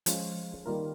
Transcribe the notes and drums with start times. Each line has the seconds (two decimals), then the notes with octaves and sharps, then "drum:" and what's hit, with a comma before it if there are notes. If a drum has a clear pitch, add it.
0.06 F3 G#3 C#4 F4, drum: hi-hat
0.66 D#3 G3 A#3 F4 A#4